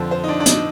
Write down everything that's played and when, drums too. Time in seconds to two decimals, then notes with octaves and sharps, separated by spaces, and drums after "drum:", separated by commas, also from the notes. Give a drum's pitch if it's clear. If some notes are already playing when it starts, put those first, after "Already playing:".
Already playing: F2 D3 F3 C5
0.11 C5
0.24 D#4
0.28 D4
0.40 D4
0.46 D#4, drum: hi-hat